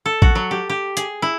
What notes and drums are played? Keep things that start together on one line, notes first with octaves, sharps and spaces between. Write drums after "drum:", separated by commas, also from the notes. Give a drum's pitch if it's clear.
A4
F#4, drum: kick A1
F#3
G4
G4
G#4, drum: hi-hat
E4